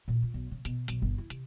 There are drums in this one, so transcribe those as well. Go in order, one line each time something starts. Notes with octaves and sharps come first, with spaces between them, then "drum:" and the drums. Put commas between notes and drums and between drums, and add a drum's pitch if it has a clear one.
A#2
F4
B1
C#3
B2, drum: hi-hat
B1, drum: hi-hat
G1
E4
C3, drum: hi-hat